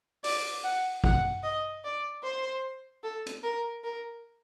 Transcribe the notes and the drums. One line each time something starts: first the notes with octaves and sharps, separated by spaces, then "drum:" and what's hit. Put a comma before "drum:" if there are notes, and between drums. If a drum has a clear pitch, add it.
D5, drum: open hi-hat
F#5
F#5, drum: kick G#1
D#5
D5
C5
A4
drum: hi-hat
A#4
A#4